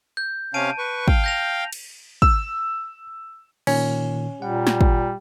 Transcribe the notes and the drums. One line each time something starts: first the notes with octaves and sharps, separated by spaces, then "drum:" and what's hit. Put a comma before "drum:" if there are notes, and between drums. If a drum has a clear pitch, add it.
G6
C3 C#4 F5 A5 D7 D#7
B4 C#6
F5 G5, drum: kick
G6 A#6 F7
drum: cymbal
E6, drum: kick
A#2 D#3 C#4, drum: cymbal
A#2 G3 F#5
drum: snare
drum: kick